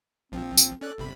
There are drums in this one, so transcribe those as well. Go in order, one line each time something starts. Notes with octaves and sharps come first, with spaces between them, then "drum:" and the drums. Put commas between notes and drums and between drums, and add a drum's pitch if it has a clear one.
A#1 F3 C4
drum: tambourine
C#4 A4 D5 F#6
G1 C3 B5